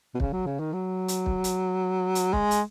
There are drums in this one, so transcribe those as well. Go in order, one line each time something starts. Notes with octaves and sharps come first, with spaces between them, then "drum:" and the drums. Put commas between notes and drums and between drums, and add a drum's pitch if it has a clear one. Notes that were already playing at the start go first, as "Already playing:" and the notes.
B2
C#3, drum: kick
F#3
C#3
D#3
F#3
drum: hi-hat
drum: kick
drum: hi-hat
drum: hi-hat
G#3, drum: kick
drum: hi-hat